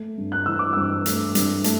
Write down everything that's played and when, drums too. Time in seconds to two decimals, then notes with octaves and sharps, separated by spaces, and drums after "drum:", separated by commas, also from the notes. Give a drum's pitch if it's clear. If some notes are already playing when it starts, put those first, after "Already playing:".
Already playing: A3
0.18 G2
0.32 F#6
0.46 E3 E6
0.59 D6
0.73 G2 E6
1.06 A3, drum: hi-hat
1.35 G2, drum: hi-hat
1.64 A3, drum: hi-hat